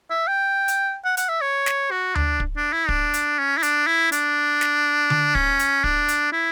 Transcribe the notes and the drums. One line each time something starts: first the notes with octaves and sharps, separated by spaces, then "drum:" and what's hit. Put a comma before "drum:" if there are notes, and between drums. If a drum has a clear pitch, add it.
E5
G5
drum: hi-hat
F#5
F#5, drum: hi-hat
E5
C#5
drum: snare
F#4
D4, drum: tom D2
drum: kick
D4
E4
D4, drum: kick
drum: hi-hat
C#4
E4
D4, drum: hi-hat
E4
D4, drum: hi-hat
drum: snare
drum: tom D3
C#4, drum: kick
drum: hi-hat
D4, drum: kick
drum: hi-hat
E4